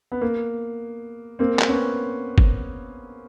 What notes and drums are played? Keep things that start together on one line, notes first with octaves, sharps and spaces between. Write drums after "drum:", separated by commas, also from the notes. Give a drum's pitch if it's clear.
B3
A#3
A#3 C4
drum: clap
B3 C#4
drum: kick